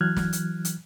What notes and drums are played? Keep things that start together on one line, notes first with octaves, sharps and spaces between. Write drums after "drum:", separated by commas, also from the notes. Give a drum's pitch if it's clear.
E3 F#3 F6 F#6 G#6
drum: snare
drum: hi-hat
drum: hi-hat